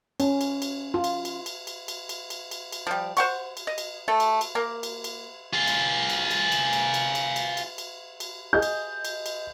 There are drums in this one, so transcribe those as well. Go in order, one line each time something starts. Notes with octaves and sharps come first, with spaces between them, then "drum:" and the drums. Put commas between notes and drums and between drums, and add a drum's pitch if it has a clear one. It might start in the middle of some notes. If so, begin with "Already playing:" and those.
C#4, drum: cymbal
drum: cymbal
drum: cymbal
F4
drum: cymbal
drum: cymbal
drum: cymbal
drum: cymbal
drum: cymbal
drum: cymbal
drum: cymbal
drum: cymbal
drum: cymbal
F3 G3
C5 F#5 C#6, drum: cymbal
drum: cymbal
D#5
drum: cymbal
A3 A4
drum: cymbal
drum: cymbal
A#3 A#4
drum: cymbal
drum: cymbal
F4 G#4
drum: cymbal
drum: cymbal
drum: cymbal
drum: cymbal
drum: cymbal
drum: cymbal
drum: cymbal
drum: cymbal
drum: cymbal
drum: cymbal
drum: cymbal
G#4 D#5 G6
drum: cymbal
drum: cymbal
drum: cymbal